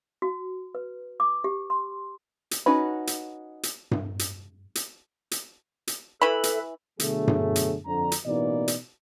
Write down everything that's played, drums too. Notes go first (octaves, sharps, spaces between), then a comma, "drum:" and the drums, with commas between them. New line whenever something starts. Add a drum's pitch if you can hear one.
F#4
B4
D6
G4
C6
drum: hi-hat
C#4 D#4 F#4 B4 B5
drum: hi-hat
drum: hi-hat
drum: tom G2
drum: hi-hat
drum: hi-hat
drum: hi-hat
drum: hi-hat
E3 A4 B4 E5 B5
drum: hi-hat
B2 D3 F#3 A3 G#4, drum: hi-hat
drum: tom G2
drum: hi-hat
F2 D3 A#5
drum: hi-hat
A1 B2 E3 A#3 D#4 D5
drum: hi-hat